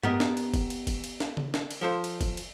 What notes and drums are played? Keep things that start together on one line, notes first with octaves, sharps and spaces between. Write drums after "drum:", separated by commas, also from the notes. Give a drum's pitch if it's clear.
B3 G4 A#4 D#5, drum: tom G2
drum: snare
drum: cymbal
drum: kick F#1, cymbal
drum: cymbal
drum: kick F#1, cymbal
drum: cymbal
drum: snare
drum: tom C#3
drum: snare
drum: cymbal
F3 A4 C5
drum: cymbal
drum: kick F#1, cymbal
drum: cymbal